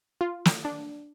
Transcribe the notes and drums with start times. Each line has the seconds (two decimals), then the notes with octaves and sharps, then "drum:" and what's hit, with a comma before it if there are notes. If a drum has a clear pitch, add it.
0.21 F4
0.45 drum: snare
0.65 D4